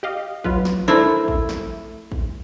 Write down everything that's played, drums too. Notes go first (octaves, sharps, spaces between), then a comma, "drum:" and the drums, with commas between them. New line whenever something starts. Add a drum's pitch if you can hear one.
G4 D#5 F5
F#3 F4 B4, drum: kick
drum: snare
A3 D4 E4 A#4 C5
drum: kick
drum: snare
drum: kick